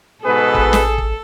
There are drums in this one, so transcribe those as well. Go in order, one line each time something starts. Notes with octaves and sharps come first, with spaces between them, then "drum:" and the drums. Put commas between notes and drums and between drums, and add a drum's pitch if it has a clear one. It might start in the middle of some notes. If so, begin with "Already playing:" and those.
G#2 B2 G#4 A4 B4
A1, drum: kick F1
drum: snare
drum: kick F1